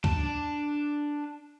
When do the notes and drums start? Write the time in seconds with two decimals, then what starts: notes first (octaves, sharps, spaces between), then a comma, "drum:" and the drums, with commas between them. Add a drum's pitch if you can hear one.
0.04 D4 A5, drum: kick